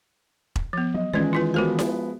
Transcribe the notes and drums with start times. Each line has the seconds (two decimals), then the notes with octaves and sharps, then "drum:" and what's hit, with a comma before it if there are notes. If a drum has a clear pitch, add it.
0.56 drum: kick E1
0.73 F3 B3
0.94 F#3 D#5
1.14 D#3 E3 G#3 C#4 F4 D5
1.33 E4 F4 B4
1.54 F3 G#3 B3 F#4 A#4 C5
1.79 drum: snare E4